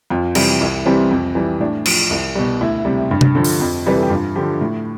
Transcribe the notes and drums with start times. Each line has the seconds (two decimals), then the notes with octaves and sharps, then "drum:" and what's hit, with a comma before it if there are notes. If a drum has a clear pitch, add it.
0.10 F2 F4
0.35 C3 E3 G3, drum: cymbal
0.61 C2 E4
0.86 C3 E3 G3 C4
1.11 F2
1.35 E3 G3
1.60 A2 D4
1.86 F3, drum: cymbal
2.10 C2
2.35 B2 G3
2.61 D2 E4
2.85 C3 G3
3.11 G2
3.21 drum: tom C3
3.35 D3 F3
3.44 drum: open hi-hat
3.60 F2
3.86 C3 E3 G3 B4
3.96 A4
4.02 G4
4.10 G2 F4
4.36 D3 F3 G4
4.61 A2